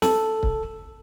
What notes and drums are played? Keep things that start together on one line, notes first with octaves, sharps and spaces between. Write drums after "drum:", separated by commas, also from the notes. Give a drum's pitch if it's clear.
A4, drum: snare
drum: kick C#1